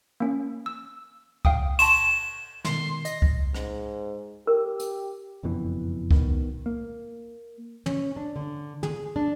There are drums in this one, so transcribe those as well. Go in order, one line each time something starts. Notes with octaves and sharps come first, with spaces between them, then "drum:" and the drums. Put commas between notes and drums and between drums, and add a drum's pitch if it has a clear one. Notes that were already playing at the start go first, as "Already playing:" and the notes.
A#3 C#4
E6
F5 G5 D#6, drum: kick C2
A5 C6 C#6 E7, drum: cymbal
B2 D#3 C6, drum: snare
D#5 A#6, drum: hi-hat
drum: kick C2
G#2, drum: rim click
G4 A#4
drum: hi-hat
F#1 F2 B2 E3
B2 D#3, drum: kick C2
A#3
C#4, drum: tom
D4
D3
G#4, drum: tom
D4